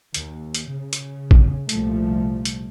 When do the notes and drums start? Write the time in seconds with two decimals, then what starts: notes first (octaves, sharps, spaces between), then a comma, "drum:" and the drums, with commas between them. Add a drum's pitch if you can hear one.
0.14 D#2, drum: hi-hat
0.55 drum: hi-hat
0.68 C#3
0.93 drum: hi-hat
1.31 drum: kick
1.69 C2 A#2 F3 G3 A3, drum: hi-hat
2.45 drum: hi-hat